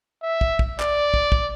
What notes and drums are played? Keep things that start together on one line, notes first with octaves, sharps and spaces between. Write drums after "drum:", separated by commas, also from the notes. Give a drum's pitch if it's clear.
E5
drum: kick
drum: kick
D5, drum: clap
drum: kick
drum: kick